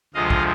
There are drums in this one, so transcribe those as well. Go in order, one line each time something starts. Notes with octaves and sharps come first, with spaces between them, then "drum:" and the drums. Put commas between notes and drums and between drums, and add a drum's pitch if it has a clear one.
D2 C3 F3 G#3 D#5 F5
drum: kick